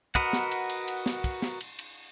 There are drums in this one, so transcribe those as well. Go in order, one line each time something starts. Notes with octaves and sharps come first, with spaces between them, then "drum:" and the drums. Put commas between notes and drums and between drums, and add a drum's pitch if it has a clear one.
F#4 A#4 B4 D#5 F#5, drum: kick
drum: snare
drum: cymbal
drum: cymbal
drum: cymbal
drum: snare
drum: kick, cymbal
drum: snare
drum: cymbal
drum: cymbal